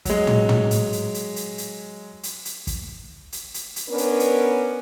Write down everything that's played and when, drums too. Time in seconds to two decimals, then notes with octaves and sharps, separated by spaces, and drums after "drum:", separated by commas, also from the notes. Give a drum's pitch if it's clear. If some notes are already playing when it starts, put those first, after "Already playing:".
0.05 F#3 G#3, drum: kick, hi-hat
0.27 drum: tom
0.49 drum: tom
0.71 drum: hi-hat
0.93 drum: hi-hat
1.14 drum: hi-hat
1.36 drum: hi-hat
1.58 drum: hi-hat
2.23 drum: hi-hat
2.45 drum: hi-hat
2.67 drum: kick, hi-hat
3.32 drum: hi-hat
3.54 drum: hi-hat
3.76 drum: hi-hat
3.89 B3 C#4 D4 A#4 B4
3.98 drum: hi-hat
4.20 drum: hi-hat